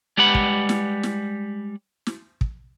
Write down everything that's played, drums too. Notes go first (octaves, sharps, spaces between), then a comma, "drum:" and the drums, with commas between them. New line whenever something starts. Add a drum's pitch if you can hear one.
G3 G#3 G4 B4 F#5 B5
drum: kick
drum: snare
drum: snare
drum: snare
drum: kick